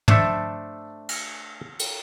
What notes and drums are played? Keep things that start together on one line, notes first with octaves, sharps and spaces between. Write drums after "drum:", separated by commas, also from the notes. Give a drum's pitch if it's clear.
A3 D4 A4 C5 E5, drum: tom
drum: cymbal
drum: cymbal